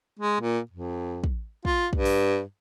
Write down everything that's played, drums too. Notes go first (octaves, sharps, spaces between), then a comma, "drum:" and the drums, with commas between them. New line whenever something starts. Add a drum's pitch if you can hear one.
G#3
A#2
F2
drum: kick
F4, drum: kick
G2, drum: kick
drum: open hi-hat